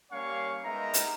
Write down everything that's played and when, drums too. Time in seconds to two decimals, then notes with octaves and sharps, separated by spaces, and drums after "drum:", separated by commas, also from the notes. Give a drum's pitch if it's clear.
0.12 G3 A#3 C#4 C#5 F5 C#6
0.63 G#3 B3 D#4 A#4 E5 A#5
0.94 drum: hi-hat